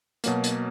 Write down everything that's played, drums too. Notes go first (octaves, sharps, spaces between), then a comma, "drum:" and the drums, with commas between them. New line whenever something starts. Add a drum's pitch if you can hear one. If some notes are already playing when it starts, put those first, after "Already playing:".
B2 F#3 A#3, drum: hi-hat
drum: hi-hat